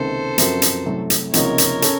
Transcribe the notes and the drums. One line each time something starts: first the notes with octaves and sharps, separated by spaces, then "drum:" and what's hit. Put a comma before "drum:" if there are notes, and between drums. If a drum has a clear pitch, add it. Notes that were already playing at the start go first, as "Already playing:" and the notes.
Already playing: C#2 C3 D#3 A#3 A4 C5
F#2 F3 C4 F#4 A#4, drum: hi-hat
drum: hi-hat
C2 C3 F#3 A3
drum: hi-hat
C#2 C3 F3 A#3 D#4 A#4 C#5, drum: hi-hat
drum: hi-hat
C#4 A4, drum: hi-hat